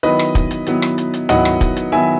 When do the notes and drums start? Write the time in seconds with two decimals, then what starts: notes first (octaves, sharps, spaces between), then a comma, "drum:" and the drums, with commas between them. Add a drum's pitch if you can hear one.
0.03 D#3 F#3 B3 E4 B4 D#5
0.19 drum: rim click
0.35 drum: kick, hi-hat
0.51 drum: hi-hat
0.67 D#3 F#3 B3 E4, drum: hi-hat
0.82 drum: rim click
0.98 drum: hi-hat
1.14 drum: hi-hat
1.29 D#3 F#3 B3 E4 D#5 F#5, drum: tom
1.45 drum: rim click
1.61 drum: kick, hi-hat
1.77 drum: hi-hat
1.92 D#3 F#3 B3 E4 E5 G#5